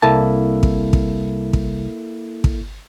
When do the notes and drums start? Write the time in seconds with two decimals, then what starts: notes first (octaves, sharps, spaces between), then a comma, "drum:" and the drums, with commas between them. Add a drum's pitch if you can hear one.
0.02 C2 A#3 E4 A4 A5
0.63 drum: kick
0.93 drum: kick
1.53 drum: kick
2.44 drum: kick